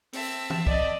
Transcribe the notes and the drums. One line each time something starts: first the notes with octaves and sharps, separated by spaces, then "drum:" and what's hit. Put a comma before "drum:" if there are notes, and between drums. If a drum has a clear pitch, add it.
C4 E5 A5, drum: open hi-hat
drum: tom E3
D5 D#5, drum: kick